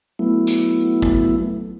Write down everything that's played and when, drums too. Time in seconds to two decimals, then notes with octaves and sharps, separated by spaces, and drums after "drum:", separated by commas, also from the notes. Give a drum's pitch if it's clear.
0.19 F#3 A3 B3 E4
0.47 drum: hi-hat
1.02 drum: kick G#1